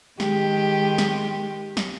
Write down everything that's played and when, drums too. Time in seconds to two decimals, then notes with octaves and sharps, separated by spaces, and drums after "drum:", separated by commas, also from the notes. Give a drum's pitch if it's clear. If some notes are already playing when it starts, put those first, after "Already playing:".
0.20 D#3 G#3 G4, drum: snare
0.98 drum: snare
1.77 drum: snare